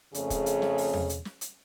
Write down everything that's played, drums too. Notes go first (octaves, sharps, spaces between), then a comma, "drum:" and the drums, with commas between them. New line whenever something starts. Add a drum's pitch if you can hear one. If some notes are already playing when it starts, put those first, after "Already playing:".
F2 C#3 A3 G#4 C#5, drum: hi-hat
drum: kick, hi-hat
drum: hi-hat
drum: snare
drum: open hi-hat
drum: tom E2
drum: hi-hat
drum: snare
drum: hi-hat